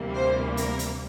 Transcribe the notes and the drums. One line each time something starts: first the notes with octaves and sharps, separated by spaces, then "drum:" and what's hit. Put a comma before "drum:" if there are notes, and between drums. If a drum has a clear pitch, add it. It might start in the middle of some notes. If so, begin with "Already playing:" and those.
Already playing: D2 C3 E3 G3 A#3
C5
A#4, drum: hi-hat
drum: hi-hat